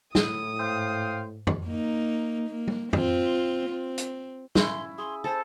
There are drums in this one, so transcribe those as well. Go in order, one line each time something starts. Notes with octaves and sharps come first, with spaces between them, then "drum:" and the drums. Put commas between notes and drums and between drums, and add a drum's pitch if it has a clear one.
A2 E4 D#6, drum: snare
G#2 C5 F5 G5
drum: tom
A#3 D#4
A#3
drum: tom G3
C4 F4, drum: tom
C4
drum: hi-hat
C#4 E4 C6, drum: snare
G#4 C6
A4 C5